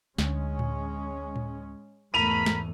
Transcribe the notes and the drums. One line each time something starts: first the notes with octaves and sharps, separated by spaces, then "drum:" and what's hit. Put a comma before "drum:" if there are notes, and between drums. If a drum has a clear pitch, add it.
D2 G#3 C#4, drum: snare
drum: tom A2
drum: tom A2
E2 G#2 A3 A#4 B5 D#7 F7
drum: snare